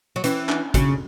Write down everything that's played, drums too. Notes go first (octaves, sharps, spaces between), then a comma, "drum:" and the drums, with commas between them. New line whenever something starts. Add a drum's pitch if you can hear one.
F#3
E3 C#4, drum: hi-hat
D4, drum: clap
C#3 F#4, drum: kick, hi-hat